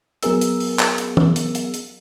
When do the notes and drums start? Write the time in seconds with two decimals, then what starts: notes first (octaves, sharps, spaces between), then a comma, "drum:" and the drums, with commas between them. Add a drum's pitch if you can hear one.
0.23 F#3 B3 G#4 A#4 E6, drum: hi-hat
0.41 drum: hi-hat
0.60 drum: open hi-hat
0.79 drum: clap
0.98 drum: hi-hat
1.17 drum: tom
1.36 drum: hi-hat
1.55 drum: hi-hat
1.74 drum: hi-hat